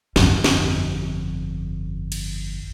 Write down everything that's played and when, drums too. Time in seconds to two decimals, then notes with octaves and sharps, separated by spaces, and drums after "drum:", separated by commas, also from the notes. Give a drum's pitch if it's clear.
0.16 G1 F2, drum: snare
0.44 drum: snare
2.12 drum: cymbal